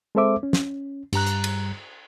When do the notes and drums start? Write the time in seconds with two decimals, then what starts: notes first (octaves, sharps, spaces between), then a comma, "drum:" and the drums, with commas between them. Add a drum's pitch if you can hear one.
0.15 G#3 C4 A4 C5 E5 D6
0.43 C#4
0.53 drum: snare
1.13 G2 G3 A#5 F#6, drum: cymbal
1.26 drum: hi-hat
1.44 drum: cymbal